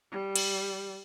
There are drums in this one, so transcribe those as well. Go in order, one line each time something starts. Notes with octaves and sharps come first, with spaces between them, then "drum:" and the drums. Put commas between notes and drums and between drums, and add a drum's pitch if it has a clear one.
G3
drum: cymbal